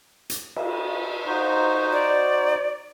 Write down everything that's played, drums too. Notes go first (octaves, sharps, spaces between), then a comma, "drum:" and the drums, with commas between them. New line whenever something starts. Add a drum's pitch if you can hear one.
drum: hi-hat
drum: cymbal
D#4 F#4 C5
D5